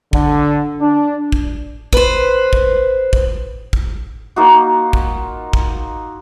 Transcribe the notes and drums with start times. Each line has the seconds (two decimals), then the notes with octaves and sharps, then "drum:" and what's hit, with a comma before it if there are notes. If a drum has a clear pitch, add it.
0.13 D3, drum: kick
0.81 D4
1.32 drum: kick
1.93 B4 C5, drum: kick
2.53 drum: kick
3.13 drum: kick
3.73 drum: kick
4.36 A#3 D#4 F4 F#4
4.93 drum: kick
5.53 drum: kick